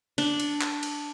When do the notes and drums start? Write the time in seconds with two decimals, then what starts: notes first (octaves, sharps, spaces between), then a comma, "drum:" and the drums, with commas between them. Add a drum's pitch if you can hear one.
0.18 D4, drum: cymbal
0.40 drum: cymbal
0.61 drum: clap
0.83 drum: cymbal